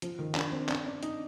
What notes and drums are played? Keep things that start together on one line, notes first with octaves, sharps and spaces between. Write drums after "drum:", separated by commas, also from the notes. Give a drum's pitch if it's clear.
F3, drum: hi-hat
D#3
D4, drum: clap
C4
D4, drum: clap
D4
D#4, drum: hi-hat